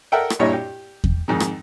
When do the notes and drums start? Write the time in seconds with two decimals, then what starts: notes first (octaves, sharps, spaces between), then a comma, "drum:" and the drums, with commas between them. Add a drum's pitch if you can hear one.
0.12 A4 A#4 E5 F#5 G5
0.30 drum: rim click
0.39 G2 A#2 G3 E4 C#5 D#5
0.53 G4
1.04 drum: kick E2
1.28 F2 G#2 D#3
1.40 drum: rim click